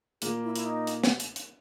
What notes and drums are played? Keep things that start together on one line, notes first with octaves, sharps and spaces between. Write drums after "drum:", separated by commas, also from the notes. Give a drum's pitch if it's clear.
A#2 A#3 G#4, drum: hi-hat
E4
E4, drum: hi-hat
D#4
drum: hi-hat
drum: snare
drum: hi-hat
drum: hi-hat